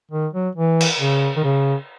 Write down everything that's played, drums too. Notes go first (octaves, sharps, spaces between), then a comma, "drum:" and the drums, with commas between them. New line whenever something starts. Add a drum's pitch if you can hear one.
D#3
F#3
E3
drum: cymbal
C#3
D#3
C#3